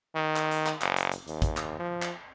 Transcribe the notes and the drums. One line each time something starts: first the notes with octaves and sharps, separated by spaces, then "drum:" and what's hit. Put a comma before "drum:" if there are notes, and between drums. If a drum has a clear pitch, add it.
D#3
drum: clap
drum: hi-hat
drum: clap
F#1, drum: clap
drum: hi-hat
drum: hi-hat
D#2, drum: hi-hat
drum: kick, hi-hat
drum: clap
F3
drum: clap